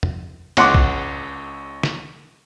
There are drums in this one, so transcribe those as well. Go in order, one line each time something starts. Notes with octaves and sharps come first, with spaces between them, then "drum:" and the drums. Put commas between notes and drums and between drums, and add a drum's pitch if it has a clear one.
drum: tom
C#2 F#5 C6 D6, drum: cymbal
drum: kick
drum: snare